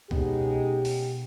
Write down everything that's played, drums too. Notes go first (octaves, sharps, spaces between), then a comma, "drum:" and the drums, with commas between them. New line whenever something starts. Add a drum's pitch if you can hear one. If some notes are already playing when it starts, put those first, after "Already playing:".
B2 G#3 C#4 D#4 G4, drum: kick C2
drum: open hi-hat